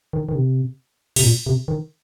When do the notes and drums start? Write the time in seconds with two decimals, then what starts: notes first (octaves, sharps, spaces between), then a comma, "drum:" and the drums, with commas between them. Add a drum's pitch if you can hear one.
0.13 D#3
0.29 D#3
0.35 C3
1.16 C3, drum: open hi-hat
1.23 A#2
1.46 C3
1.68 D#3